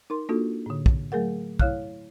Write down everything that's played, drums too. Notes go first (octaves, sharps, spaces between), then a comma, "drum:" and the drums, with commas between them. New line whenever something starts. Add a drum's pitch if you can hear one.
D#4 A#4 C6
A#3 D4 D#4 F4 F#4 A4
A2 D3
drum: kick
F#3 A3 G#4 A#4 F#5
E4 C#5 F5 F6 F#6, drum: kick